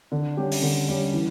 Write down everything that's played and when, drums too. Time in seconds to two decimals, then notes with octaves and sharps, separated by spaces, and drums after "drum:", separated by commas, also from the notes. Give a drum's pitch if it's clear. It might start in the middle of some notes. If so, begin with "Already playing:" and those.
0.12 D3
0.37 G3 C#4 G4
0.52 drum: open hi-hat
0.63 D3
0.88 G3 C#4 G4
1.13 E3